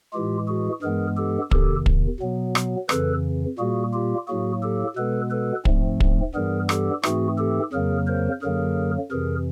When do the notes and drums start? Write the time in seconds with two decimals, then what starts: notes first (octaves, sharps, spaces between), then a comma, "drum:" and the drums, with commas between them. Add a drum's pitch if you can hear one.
0.13 A2 E3 G#3 F4 G4
0.48 F#4 G#4
0.82 G2 E3 G#3 B3 G#4 A#4
1.17 G4 A4
1.51 E2 C3 D#3 G4 A4, drum: kick
1.86 drum: kick
2.20 B2 F#3 B3
2.55 drum: rim click
2.89 F2 C#3 E3 A4 B4, drum: rim click
3.58 A#2 G3 A#3 F#4 G#4
3.93 F4 G4
4.28 A2 F#3 A#3 F#4 G#4
4.62 G4 A4
4.96 B2 G#3 B3 A4 B4
5.31 A4 B4
5.65 G#2 F3 A3 C4, drum: kick
6.00 drum: kick
6.34 G2 E3 G3 B3 G#4 A#4
6.69 G4 A4, drum: rim click
7.03 G#2 E3 A3 C4 F#4 G#4, drum: rim click
7.38 G4 A4
7.73 F2 C#3 F#3 A#3 G#4 A#4
8.07 A#4 C5
8.42 F#2 D3 F#3 A#3 G#4 A#4
9.11 F2 C3 E3 G#4 A#4